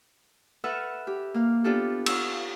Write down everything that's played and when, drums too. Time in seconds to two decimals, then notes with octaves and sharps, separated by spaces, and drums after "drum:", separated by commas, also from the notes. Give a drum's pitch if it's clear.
0.64 A4 B4 E5 F#5 E6 F6
1.07 G4
1.34 A#3 F5
1.64 B3 D4 F4 G4 A4
2.06 F4 C#5 E6, drum: cymbal